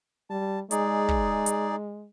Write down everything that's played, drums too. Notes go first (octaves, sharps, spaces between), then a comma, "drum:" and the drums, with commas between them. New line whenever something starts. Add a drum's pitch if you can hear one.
G3 A5
G#3 D#4 G#4 D5, drum: hi-hat
drum: kick
drum: hi-hat